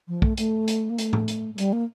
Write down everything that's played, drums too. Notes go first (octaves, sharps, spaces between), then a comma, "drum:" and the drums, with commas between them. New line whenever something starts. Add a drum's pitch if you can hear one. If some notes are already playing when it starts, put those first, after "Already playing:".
F3
A3, drum: kick
A3, drum: hi-hat
drum: hi-hat
A#3
A3, drum: hi-hat
drum: tom A2
drum: hi-hat
A3
G3, drum: hi-hat
A#3